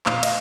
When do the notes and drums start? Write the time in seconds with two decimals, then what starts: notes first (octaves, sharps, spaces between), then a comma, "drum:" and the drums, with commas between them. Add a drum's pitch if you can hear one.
0.06 A#2 F5, drum: clap
0.23 D#5, drum: cymbal